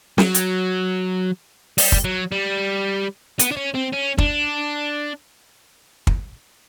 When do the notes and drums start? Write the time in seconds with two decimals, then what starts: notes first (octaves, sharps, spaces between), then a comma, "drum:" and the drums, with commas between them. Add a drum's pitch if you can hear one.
0.18 F#3, drum: snare
0.34 drum: hi-hat
1.78 G3, drum: open hi-hat
1.92 drum: kick
2.04 F#3
2.32 G3
3.39 B3, drum: hi-hat
3.51 D4
3.57 C#4
3.75 C4
3.93 C#4
4.18 D4, drum: kick
6.07 drum: kick